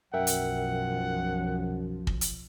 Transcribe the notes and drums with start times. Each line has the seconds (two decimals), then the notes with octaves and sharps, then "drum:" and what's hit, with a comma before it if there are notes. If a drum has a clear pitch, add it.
0.14 B1 F#2 F3 A#4 E5 F#5 G5
0.27 drum: hi-hat
2.07 drum: kick
2.21 drum: hi-hat